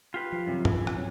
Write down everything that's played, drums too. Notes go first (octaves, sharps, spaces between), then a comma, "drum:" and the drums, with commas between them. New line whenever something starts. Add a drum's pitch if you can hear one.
F4 G4 B4
F3
F#2 C3 D#3
E3, drum: tom
drum: rim click
C3 F#3